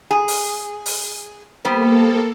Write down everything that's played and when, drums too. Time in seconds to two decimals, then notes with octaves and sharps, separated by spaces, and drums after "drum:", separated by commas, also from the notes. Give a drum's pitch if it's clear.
0.11 G#4
0.28 drum: open hi-hat
0.86 drum: open hi-hat
1.65 G3 A#3 B3 A4 C5